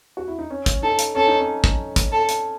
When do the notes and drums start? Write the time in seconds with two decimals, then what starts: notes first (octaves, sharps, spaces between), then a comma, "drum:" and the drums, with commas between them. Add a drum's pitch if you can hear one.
0.17 F#4
0.28 E4
0.39 D#4
0.50 C#4
0.66 drum: kick, hi-hat
0.82 D#4 A4
0.99 drum: hi-hat
1.15 C#4 A4
1.28 D#4
1.40 C#4
1.64 drum: kick
1.96 drum: kick, hi-hat
2.12 A4
2.29 drum: hi-hat